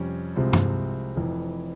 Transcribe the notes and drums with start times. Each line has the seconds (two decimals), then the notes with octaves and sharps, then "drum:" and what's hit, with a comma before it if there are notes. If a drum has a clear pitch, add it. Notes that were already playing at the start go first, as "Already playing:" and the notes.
Already playing: F2 C3 G3 C#4
0.36 C2 C3 F3 G#3 C4
0.53 drum: tom
1.16 F1 F2 E3